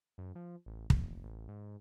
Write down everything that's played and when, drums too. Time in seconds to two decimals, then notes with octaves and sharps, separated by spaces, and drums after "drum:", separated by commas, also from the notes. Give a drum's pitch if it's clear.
0.18 F#2
0.35 F3
0.66 A1
0.90 F1, drum: kick
1.24 A1
1.48 G#2